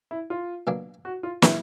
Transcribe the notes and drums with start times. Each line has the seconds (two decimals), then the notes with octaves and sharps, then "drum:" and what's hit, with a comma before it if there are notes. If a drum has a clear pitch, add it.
0.11 E4
0.30 F4
0.67 B2 F#3 A#3 D4
1.05 F#4
1.23 F4
1.42 A#2 F#3 B3 E4, drum: snare